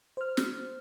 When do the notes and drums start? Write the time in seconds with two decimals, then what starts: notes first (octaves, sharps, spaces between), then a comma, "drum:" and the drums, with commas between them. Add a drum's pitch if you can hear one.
0.17 C5 F6
0.37 drum: snare